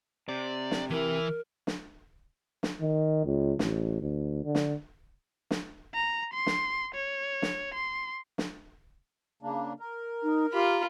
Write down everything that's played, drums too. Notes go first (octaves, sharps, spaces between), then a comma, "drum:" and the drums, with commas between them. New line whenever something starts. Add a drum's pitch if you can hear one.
C3 D5
drum: snare
E3 E4 A#4
drum: snare
drum: snare
D#3
C#2
A1, drum: snare
D2
D3
drum: snare
drum: snare
A#5
C6
drum: snare
C#5
drum: snare
C6
drum: snare
C#3 A#3 D4
A#4
D#4
F4 G4 B5